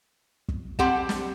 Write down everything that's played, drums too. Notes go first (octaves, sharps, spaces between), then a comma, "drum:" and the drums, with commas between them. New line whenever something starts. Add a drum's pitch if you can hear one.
drum: kick
C4 G4 F#5 A5, drum: kick
drum: snare